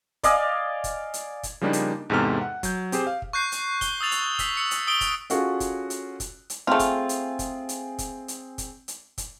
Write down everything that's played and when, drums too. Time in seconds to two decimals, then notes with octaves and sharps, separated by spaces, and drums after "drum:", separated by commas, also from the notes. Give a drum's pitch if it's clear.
0.23 D5 D#5 F5 G#5, drum: kick, hi-hat
0.84 drum: kick, hi-hat
1.14 drum: hi-hat
1.43 drum: kick, hi-hat
1.61 C#3 F3 G3 A#3 D4 D#4
1.73 drum: hi-hat
2.10 E2 G#2 C3 A4 F6
2.41 F#5
2.63 F#3 G6, drum: kick, hi-hat
2.92 C4 G4 G#4 C5, drum: hi-hat
3.07 F5
3.22 drum: kick
3.33 C#6 F#6 G6 C7
3.52 drum: hi-hat
3.81 G7, drum: kick, hi-hat
4.01 D#6 E6 A6 F7
4.11 drum: hi-hat
4.39 E6 B6, drum: kick, hi-hat
4.57 E6 C#7
4.71 drum: hi-hat
4.87 D#6 E6 D7 G7
5.01 drum: kick, hi-hat
5.30 C#4 F4 F#4 G#4 A4, drum: hi-hat
5.60 drum: kick, hi-hat
5.90 drum: hi-hat
6.20 drum: kick, hi-hat
6.50 drum: hi-hat
6.67 A3 C4 F4 G#4
6.79 drum: kick, hi-hat
7.09 drum: hi-hat
7.39 drum: kick, hi-hat
7.69 drum: hi-hat
7.99 drum: kick, hi-hat
8.28 drum: hi-hat
8.58 drum: kick, hi-hat
8.88 drum: hi-hat
9.18 drum: kick, hi-hat